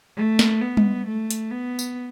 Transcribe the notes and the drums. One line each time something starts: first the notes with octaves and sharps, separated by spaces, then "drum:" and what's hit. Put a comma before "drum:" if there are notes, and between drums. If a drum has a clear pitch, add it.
A3
drum: snare
B3
drum: tom G3
A3
drum: hi-hat
B3
drum: tambourine